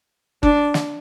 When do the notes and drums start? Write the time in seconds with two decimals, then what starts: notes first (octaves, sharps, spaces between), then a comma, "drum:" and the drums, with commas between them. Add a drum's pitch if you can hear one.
0.43 D4, drum: kick G1
0.74 drum: snare